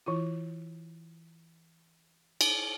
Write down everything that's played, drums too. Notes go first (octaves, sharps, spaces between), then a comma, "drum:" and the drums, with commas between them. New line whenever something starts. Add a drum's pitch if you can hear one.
E3 E4 F4
drum: cymbal